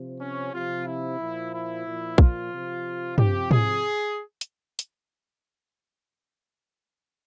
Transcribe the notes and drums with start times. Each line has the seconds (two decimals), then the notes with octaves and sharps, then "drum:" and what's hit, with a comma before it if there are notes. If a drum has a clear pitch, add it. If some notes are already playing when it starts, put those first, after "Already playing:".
Already playing: C3 F3
0.19 C#4
0.53 C3 F3 F4
0.86 E4
1.19 A#2 F3
1.52 E4
1.86 A#2 F3
2.18 F4, drum: kick A#1
2.52 C3 F3
3.18 C3 F3 G4, drum: tom
3.51 G#4, drum: tom
4.41 drum: hi-hat
4.79 drum: hi-hat